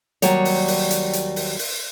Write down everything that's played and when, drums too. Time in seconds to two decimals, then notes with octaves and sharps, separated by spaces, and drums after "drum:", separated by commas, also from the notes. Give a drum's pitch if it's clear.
0.22 D#2 F#3 G3 C#5, drum: hi-hat
0.45 drum: open hi-hat
0.68 drum: open hi-hat
0.91 drum: hi-hat
1.13 drum: hi-hat
1.36 drum: open hi-hat
1.59 drum: open hi-hat